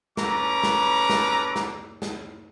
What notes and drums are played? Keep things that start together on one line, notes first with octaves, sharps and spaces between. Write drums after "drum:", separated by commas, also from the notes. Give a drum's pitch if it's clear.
G3 C#4 A4 B4 A#5 D6, drum: snare
drum: snare
drum: snare
drum: snare
drum: snare